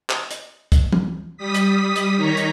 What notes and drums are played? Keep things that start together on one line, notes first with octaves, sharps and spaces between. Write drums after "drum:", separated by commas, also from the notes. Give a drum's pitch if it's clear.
drum: clap
drum: hi-hat
drum: kick, hi-hat
drum: tom
G3 D#6 B6
drum: hi-hat
drum: hi-hat
D#3 D#4 C#5 A#5 B6
drum: hi-hat